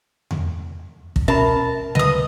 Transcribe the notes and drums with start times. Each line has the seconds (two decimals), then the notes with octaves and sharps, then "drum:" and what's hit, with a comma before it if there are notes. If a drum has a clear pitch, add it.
0.31 drum: tom E2
1.16 drum: kick
1.28 B2 C#4 A#4 E5 A5 B5
1.95 D2 C#3 G3 B4 D#5 D#6